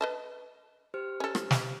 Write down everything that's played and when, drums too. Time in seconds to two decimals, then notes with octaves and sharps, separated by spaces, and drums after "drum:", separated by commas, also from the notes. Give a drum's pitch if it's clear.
0.01 B4 D#5 A5
0.94 G4 C5 F6
1.20 C#4 A4
1.35 drum: rim click
1.51 drum: snare